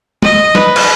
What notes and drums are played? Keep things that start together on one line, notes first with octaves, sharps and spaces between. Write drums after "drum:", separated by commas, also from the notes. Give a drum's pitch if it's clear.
D#5, drum: tom
B4, drum: snare
drum: cymbal